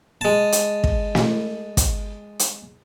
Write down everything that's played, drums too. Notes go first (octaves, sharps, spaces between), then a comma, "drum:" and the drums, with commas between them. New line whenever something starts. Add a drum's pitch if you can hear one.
G#3 A5
drum: hi-hat
drum: kick
drum: snare
drum: kick, hi-hat
drum: hi-hat